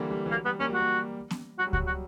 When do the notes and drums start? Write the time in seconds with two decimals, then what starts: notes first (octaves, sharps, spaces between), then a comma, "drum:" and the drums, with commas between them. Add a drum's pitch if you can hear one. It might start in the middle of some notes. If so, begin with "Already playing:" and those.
Already playing: D3 E3 G3 A#3
0.11 G3
0.26 E3
0.31 F#3 A#3
0.45 G3 B3
0.60 A#3 C#4
0.70 G3 F#4
0.80 A#3
1.31 drum: snare B3
1.59 F#3 F#4
1.67 G3
1.73 F#3 F#4, drum: kick C#2
1.87 F#4